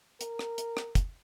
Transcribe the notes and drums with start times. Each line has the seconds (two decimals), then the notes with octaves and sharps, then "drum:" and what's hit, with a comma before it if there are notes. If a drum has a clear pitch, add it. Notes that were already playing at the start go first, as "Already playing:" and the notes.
0.21 A#4, drum: hi-hat
0.39 drum: rim click
0.58 drum: hi-hat
0.77 drum: rim click
0.95 drum: kick, hi-hat